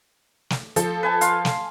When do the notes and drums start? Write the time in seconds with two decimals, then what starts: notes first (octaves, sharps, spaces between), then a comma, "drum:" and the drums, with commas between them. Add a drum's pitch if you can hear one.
0.50 drum: snare
0.76 F3 A4, drum: hi-hat
1.03 B4 G#5 A5
1.21 F5 C6, drum: hi-hat
1.45 drum: snare